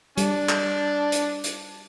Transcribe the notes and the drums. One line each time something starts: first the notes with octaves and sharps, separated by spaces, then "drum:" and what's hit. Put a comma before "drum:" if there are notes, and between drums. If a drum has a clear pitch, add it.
G3 D4, drum: hi-hat
drum: clap
drum: hi-hat
drum: hi-hat